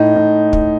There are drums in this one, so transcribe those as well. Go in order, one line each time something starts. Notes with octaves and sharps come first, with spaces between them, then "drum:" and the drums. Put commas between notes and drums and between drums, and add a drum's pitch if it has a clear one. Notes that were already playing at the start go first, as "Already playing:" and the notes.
Already playing: A2 D#4
A2
drum: kick